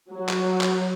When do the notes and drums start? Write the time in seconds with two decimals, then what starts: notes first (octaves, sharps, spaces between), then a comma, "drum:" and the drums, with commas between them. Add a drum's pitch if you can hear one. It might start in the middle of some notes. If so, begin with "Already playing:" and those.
0.12 F#3
0.29 drum: clap
0.61 drum: clap